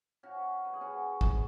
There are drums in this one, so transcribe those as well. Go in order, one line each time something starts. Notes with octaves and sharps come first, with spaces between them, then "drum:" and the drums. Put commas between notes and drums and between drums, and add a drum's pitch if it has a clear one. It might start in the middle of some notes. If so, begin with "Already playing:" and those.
C#4 F#4
B4
G#4
C#4 F#4
drum: kick